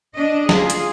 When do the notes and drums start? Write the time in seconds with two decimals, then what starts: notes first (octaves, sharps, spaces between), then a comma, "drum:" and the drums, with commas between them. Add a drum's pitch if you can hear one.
0.16 D4 D#5
0.49 F4 G#4, drum: snare
0.70 drum: hi-hat